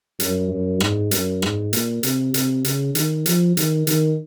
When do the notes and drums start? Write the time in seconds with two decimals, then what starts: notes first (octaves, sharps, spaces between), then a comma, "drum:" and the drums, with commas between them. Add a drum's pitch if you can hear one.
0.20 F#2, drum: hi-hat
0.50 F#2
0.80 G#2, drum: rim click
1.11 F#2, drum: hi-hat
1.42 G#2, drum: rim click
1.73 A#2, drum: hi-hat
2.03 C3, drum: hi-hat
2.34 C3, drum: hi-hat
2.64 C#3, drum: hi-hat
2.95 D#3, drum: hi-hat
3.26 F3, drum: hi-hat
3.57 D#3, drum: hi-hat
3.87 D#3, drum: hi-hat